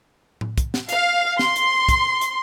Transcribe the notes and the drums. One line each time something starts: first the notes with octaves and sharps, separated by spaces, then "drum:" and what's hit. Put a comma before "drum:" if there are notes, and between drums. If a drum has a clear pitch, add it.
drum: tom A2
drum: kick, hi-hat
drum: snare
F5, drum: hi-hat
C6, drum: snare
drum: hi-hat
drum: kick, hi-hat
drum: hi-hat